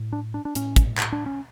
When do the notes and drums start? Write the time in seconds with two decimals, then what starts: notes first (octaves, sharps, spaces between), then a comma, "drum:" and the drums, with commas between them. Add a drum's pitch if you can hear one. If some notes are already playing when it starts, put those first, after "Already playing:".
Already playing: A2
0.13 D4
0.34 D4
0.45 D4
0.55 A2 C#4, drum: hi-hat
0.76 drum: kick, hi-hat
0.98 drum: clap
1.12 D4
1.26 C#4